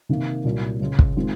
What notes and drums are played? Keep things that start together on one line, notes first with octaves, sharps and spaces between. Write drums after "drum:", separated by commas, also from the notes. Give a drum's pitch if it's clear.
C3 D#3 A#3
C2 A#2 F#3
C#2 C#3 G#3
drum: kick
D#3 G#3 C4 F4